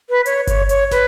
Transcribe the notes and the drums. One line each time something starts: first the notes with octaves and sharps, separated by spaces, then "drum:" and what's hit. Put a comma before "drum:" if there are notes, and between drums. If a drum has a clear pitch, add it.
B4
C#5, drum: hi-hat
C#5, drum: kick G1, hi-hat
C#5, drum: hi-hat
B4, drum: snare